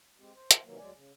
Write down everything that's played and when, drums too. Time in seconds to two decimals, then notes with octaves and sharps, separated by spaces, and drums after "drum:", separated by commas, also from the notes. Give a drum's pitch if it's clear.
0.19 G#3 C4 G4
0.35 C5
0.51 drum: hi-hat
0.64 C3 D#3 E3 F#3 A#3
0.78 D2 F#3 G#3 D5 G#5
0.94 C#3